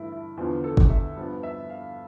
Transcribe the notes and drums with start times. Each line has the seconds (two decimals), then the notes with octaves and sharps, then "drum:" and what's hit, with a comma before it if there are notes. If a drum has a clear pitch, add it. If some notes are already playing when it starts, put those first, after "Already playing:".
Already playing: G2 E3 A3 E4
0.12 E4
0.37 E2 D3 F3 B3 F4
0.64 A4
0.77 drum: kick G1
0.90 E5
1.16 G2 F3 B3
1.43 E5
1.70 F5